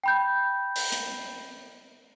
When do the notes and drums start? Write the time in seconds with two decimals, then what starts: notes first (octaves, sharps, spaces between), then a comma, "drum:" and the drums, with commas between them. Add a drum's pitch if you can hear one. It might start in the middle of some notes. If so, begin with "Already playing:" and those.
0.04 G5 B5 G6
0.76 drum: open hi-hat
0.92 drum: hi-hat